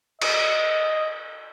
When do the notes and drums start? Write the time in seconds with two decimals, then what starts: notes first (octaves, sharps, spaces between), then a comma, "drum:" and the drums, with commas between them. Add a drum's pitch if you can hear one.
0.22 D#5, drum: cymbal